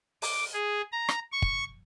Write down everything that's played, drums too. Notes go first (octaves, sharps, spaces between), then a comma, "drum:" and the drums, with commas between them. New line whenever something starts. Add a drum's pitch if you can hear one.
D6, drum: open hi-hat
G#4
A#5
drum: rim click
C#6
drum: kick